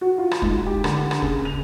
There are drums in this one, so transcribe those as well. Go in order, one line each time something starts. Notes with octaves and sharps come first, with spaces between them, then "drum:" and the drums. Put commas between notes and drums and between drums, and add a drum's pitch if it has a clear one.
F#4
F4
drum: rim click
G#2, drum: kick
G4
D3, drum: rim click
drum: rim click
C#3, drum: kick
F7